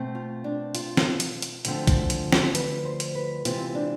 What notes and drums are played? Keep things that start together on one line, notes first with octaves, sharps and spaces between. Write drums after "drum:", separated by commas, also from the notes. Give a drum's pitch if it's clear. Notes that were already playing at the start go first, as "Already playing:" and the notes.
Already playing: B2 A3 C4
F4
D4
F4, drum: hi-hat
drum: snare
drum: hi-hat
drum: hi-hat
D2 D3 F3 A3 C4, drum: hi-hat
drum: kick, hi-hat
drum: hi-hat
drum: snare
B4, drum: hi-hat
C5
drum: hi-hat
B4
C3 E3 G#3 C4 F4, drum: hi-hat
D4